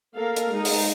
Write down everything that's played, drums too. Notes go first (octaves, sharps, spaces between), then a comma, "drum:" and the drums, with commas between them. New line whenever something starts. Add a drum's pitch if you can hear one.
A#3 A4 A#4 F5
drum: hi-hat
G#3 D#4
drum: open hi-hat